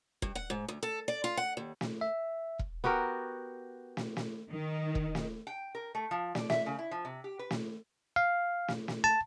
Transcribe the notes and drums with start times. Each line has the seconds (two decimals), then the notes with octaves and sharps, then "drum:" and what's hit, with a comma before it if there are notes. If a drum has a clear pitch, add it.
0.22 G2, drum: kick E1
0.35 F#5
0.50 G#2
0.68 D2
0.83 A4
1.08 D5
1.24 F4
1.37 F#5
1.57 D#2
1.81 drum: snare
2.01 E5
2.59 drum: kick E1
2.84 B3 F#4 G4 A#4
3.97 drum: snare
4.17 drum: snare
4.50 D#3
4.95 drum: kick E1
5.15 drum: snare
5.47 G5
5.75 A#4
5.95 A3
6.11 F3
6.35 D5, drum: snare
6.50 E5, drum: snare
6.66 C#3
6.79 E4
6.91 F3
7.05 C3
7.24 G4
7.39 B4
7.50 drum: snare
8.16 F5
8.68 drum: snare
8.88 drum: snare
9.04 A5